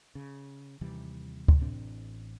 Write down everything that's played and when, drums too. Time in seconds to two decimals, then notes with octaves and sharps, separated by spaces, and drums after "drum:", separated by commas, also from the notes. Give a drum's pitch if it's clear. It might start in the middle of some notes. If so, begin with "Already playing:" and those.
0.15 C#3
0.81 D#2 C3 E3 G3
1.48 drum: kick
1.60 A1 A2 C4 D4